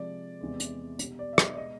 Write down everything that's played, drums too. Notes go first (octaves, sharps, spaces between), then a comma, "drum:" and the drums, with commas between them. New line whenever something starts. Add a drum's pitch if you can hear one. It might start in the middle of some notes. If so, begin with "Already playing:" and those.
Already playing: C3 F3 G#3 D5
E2 C3 E3 G#3
drum: hi-hat
B2 G3, drum: hi-hat
D5
E5
D#5, drum: rim click
D5
B2 G#3 D#5